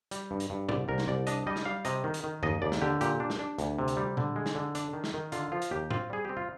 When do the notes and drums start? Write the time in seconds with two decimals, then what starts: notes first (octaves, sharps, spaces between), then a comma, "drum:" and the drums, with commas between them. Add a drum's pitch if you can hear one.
0.11 G3, drum: hi-hat
0.31 G2
0.40 drum: hi-hat
0.50 G2
0.69 C2 D5, drum: tom
0.88 C2 A#4
0.98 drum: snare
1.08 C2 D5
1.27 D4 D#5, drum: hi-hat
1.47 G3 D#5
1.56 drum: snare
1.65 G3 F5
1.85 C3 D#5, drum: hi-hat
2.04 D#3
2.14 drum: hi-hat
2.24 D#3
2.43 D#2 D#5, drum: tom F#2
2.62 D#2 D5
2.72 drum: snare
2.81 D3 G4
3.01 A#2 G4, drum: hi-hat
3.20 D4
3.30 drum: snare
3.39 D4
3.59 D2, drum: hi-hat
3.79 C3
3.88 drum: hi-hat
3.97 G3
4.17 D3, drum: tom A#2
4.36 G#3
4.46 drum: snare
4.55 D3
4.75 D4, drum: hi-hat
4.94 D#3
5.04 drum: snare
5.14 D#3
5.32 D3 F4, drum: hi-hat
5.52 F3 F4
5.62 drum: hi-hat
5.71 D#2 G4
5.91 C4 F4, drum: tom
6.10 G3 G#4
6.25 C4 G4
6.37 F4